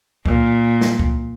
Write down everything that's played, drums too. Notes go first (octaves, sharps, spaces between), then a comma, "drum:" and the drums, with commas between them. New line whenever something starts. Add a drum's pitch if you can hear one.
A#2, drum: kick C#2
drum: snare
drum: kick C#2